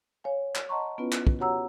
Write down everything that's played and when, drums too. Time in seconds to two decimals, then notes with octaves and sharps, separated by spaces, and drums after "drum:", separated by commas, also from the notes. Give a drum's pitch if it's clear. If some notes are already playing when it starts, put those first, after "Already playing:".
0.24 C#5 F5 G#5
0.55 drum: clap
0.69 D#5 F#5 A5 A#5 C6 C#6
0.98 B3 C#4 E4 F4 B4
1.12 drum: clap
1.27 drum: kick
1.39 F#4 G4 C#5 F#5 A#5 E6